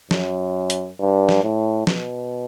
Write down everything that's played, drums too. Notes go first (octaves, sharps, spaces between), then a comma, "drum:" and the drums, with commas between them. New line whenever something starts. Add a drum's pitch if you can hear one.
F#2, drum: snare
drum: hi-hat
G2
drum: snare
A2
B2, drum: snare